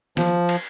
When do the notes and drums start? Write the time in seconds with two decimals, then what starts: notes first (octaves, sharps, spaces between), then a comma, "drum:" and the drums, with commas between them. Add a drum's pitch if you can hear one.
0.17 F3, drum: snare
0.49 drum: cymbal